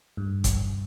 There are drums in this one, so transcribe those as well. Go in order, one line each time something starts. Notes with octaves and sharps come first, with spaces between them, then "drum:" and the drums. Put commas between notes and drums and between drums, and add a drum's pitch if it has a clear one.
G2
drum: kick G1, hi-hat